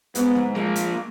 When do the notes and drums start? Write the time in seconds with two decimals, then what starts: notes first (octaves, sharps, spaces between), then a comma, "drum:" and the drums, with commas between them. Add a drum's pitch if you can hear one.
0.15 G#2 B3, drum: hi-hat
0.35 drum: snare
0.55 F3 G#3 A#3, drum: snare
0.76 drum: hi-hat